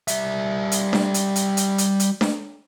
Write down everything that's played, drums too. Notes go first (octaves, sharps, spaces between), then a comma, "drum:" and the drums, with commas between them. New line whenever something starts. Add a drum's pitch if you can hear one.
G3 E5, drum: hi-hat
drum: hi-hat
drum: snare D4
drum: hi-hat
drum: hi-hat
drum: hi-hat
drum: hi-hat
drum: hi-hat
drum: snare D4